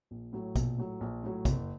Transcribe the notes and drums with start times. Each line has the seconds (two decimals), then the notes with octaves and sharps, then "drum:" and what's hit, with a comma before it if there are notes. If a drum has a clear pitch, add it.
0.11 A#1
0.33 A2 F#3
0.56 A#1 B2, drum: kick, hi-hat
0.78 A2 F#3
1.01 A#1
1.23 A2 F#3
1.45 F#1 C3, drum: kick, hi-hat